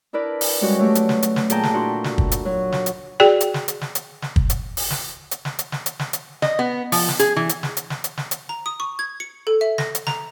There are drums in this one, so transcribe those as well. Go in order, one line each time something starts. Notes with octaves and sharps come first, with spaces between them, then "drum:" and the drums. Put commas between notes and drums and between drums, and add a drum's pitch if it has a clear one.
D4 E4 A#4 B4 D5
drum: open hi-hat
G3 G#3 C#4 F#4
F#3 A3 G4
drum: hi-hat
drum: snare
drum: hi-hat
drum: snare
A#2 G#4 A4 G5 A5 A#5, drum: hi-hat
drum: snare
D4 E4 F#4 G5 C6
drum: snare
drum: kick
drum: hi-hat
F#3
drum: snare
drum: hi-hat
F#4 G#4 D5 G5
drum: hi-hat
drum: snare
drum: hi-hat
drum: snare
drum: hi-hat
drum: snare
drum: kick
drum: hi-hat
drum: open hi-hat
drum: snare
drum: hi-hat
drum: snare
drum: hi-hat
drum: snare
drum: hi-hat
drum: snare
drum: hi-hat
D#5, drum: snare
B3
F3, drum: open hi-hat
drum: snare
G#4, drum: hi-hat
E3
drum: hi-hat
drum: snare
drum: hi-hat
drum: snare
drum: hi-hat
drum: snare
drum: hi-hat
A#5
D#6
C#6
G#6
C#7
A4
E5
A#6, drum: snare
drum: hi-hat
A#5, drum: snare